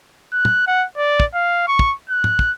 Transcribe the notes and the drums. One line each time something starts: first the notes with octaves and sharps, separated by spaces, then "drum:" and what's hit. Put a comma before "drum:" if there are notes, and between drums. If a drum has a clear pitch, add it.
F#6
drum: tom
F#5
D5
drum: kick
F5
C#6
drum: kick
F#6
drum: tom
drum: kick